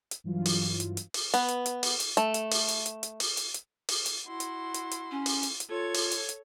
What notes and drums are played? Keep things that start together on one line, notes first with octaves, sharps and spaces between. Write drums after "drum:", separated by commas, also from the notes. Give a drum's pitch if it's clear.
drum: hi-hat
G2 E3 F#3 F4
drum: open hi-hat
drum: hi-hat
drum: hi-hat
drum: open hi-hat
B3, drum: hi-hat
drum: hi-hat
drum: hi-hat
drum: open hi-hat
drum: hi-hat
A3, drum: hi-hat
drum: hi-hat
drum: open hi-hat
drum: hi-hat
drum: hi-hat
drum: hi-hat
drum: open hi-hat
drum: hi-hat
drum: hi-hat
drum: open hi-hat
drum: hi-hat
E4 F#4 C6
drum: hi-hat
drum: hi-hat
drum: hi-hat
C#4
drum: open hi-hat
drum: hi-hat
drum: hi-hat
F4 A4 C#5 G#6
drum: open hi-hat
drum: hi-hat
drum: hi-hat